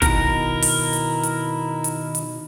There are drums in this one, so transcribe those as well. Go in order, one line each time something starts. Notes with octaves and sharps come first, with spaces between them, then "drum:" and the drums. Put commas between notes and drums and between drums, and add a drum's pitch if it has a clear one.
B2 D#3 D#4 E4 A#4, drum: kick, hi-hat
drum: open hi-hat
drum: hi-hat
drum: hi-hat
drum: hi-hat
drum: hi-hat